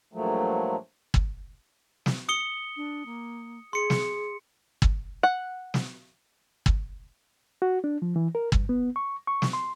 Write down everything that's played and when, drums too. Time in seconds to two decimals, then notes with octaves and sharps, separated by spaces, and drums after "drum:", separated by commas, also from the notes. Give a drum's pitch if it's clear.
0.13 G2 A#2 F3 F#3 A3
1.14 drum: kick
2.06 drum: snare
2.29 D#6 C#7 G7
2.76 D4
3.06 A#3
3.73 G#4 C6 C#7
3.90 drum: snare
4.82 drum: kick
5.23 F#5
5.74 drum: snare
6.66 drum: kick
7.62 F#4
7.84 D4
8.02 F3
8.16 E3
8.35 A#4
8.52 G2, drum: kick
8.69 B3
8.96 C#6
9.27 C#6
9.42 drum: snare
9.53 C6